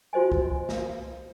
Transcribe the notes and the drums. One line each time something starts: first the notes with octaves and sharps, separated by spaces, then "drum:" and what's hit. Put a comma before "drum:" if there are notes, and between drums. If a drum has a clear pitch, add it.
F4 F#4 C5 D#5 G#5
drum: kick C2
drum: snare